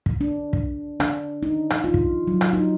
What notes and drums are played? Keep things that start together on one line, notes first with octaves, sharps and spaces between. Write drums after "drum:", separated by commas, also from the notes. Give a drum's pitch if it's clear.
drum: kick
D4
drum: kick
D4, drum: rim click
D#4
drum: rim click
F4
drum: kick
F#3
drum: rim click
D#4